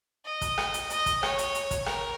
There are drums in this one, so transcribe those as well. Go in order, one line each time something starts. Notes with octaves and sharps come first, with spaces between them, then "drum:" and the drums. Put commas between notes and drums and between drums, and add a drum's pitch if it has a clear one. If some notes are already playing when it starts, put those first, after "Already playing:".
D#5
drum: kick, hi-hat
drum: rim click
drum: hi-hat
D#5, drum: hi-hat
drum: kick, hi-hat
C#5, drum: rim click
drum: hi-hat
drum: hi-hat
drum: kick, hi-hat
A#4, drum: rim click